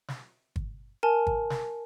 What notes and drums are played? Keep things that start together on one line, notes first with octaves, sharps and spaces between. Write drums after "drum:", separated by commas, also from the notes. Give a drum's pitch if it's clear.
drum: snare
drum: kick
A#4 G#5 A5
drum: kick
drum: snare